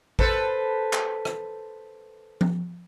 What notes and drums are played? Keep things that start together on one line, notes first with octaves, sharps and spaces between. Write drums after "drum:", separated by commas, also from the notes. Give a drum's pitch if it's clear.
A4 B4 C5, drum: kick A1
drum: clap
drum: rim click
drum: tom F3